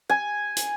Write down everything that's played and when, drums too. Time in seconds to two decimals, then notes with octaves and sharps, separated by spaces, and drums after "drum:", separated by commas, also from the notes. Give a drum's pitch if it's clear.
0.09 G#5
0.57 drum: hi-hat